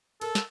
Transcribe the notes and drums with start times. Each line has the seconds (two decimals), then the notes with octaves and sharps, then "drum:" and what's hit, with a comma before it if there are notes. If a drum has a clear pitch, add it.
0.21 A4 A#4, drum: cymbal
0.35 drum: snare